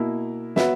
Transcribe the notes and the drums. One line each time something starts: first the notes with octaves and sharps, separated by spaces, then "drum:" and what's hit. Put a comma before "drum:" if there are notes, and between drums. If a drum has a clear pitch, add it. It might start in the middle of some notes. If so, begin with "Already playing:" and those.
Already playing: B2 A#3 E4 A#4
F#3 B3 F#4 B4 E5, drum: snare